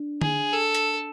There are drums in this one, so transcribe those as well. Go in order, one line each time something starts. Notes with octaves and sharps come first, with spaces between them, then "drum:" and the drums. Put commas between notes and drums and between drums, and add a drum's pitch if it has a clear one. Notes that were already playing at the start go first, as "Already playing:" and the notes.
Already playing: D4
G#4, drum: tom D3
A4
drum: hi-hat